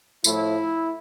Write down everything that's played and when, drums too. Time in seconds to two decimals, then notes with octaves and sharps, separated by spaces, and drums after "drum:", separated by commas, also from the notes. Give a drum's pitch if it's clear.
0.24 A2 F3 A3 E4, drum: tambourine